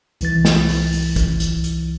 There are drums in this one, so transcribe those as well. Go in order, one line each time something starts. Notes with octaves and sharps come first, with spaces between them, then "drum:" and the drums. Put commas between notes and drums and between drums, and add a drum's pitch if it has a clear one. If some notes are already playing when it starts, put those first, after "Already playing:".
C2 E3 A6, drum: hi-hat
drum: snare
drum: open hi-hat
drum: open hi-hat
drum: kick, hi-hat
drum: hi-hat
drum: hi-hat